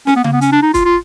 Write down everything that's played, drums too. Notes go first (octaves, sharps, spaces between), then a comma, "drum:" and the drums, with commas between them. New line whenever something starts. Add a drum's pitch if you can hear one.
C#4, drum: snare
B3
A#3, drum: tom C#3
B3
C#4, drum: hi-hat
D4
D#4
F4, drum: kick, hi-hat
F4